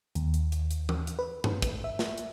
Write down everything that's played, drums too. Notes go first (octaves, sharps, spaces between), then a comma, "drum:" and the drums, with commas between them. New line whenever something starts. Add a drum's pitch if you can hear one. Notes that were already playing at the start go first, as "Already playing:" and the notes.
D#2, drum: hi-hat
drum: hi-hat
drum: hi-hat
drum: hi-hat
drum: tom E3
drum: hi-hat
B4
drum: tom G2
drum: kick, hi-hat
E5
drum: snare
drum: hi-hat